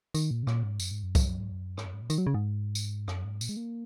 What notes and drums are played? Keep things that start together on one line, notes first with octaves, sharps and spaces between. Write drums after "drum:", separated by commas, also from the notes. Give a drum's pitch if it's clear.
D#3, drum: tambourine
A#2
C#3
A#2, drum: rim click
G#2
F#2, drum: tambourine
G#2
F#2
G#2, drum: kick C2, tambourine
F#2
G#2
F#2
G#2, drum: rim click
F#2
G#2
A#2
D#3, drum: tambourine
F#3
C#3
G#2
drum: tambourine
F#2, drum: rim click
G#2
A#2, drum: tambourine
G#3
A#3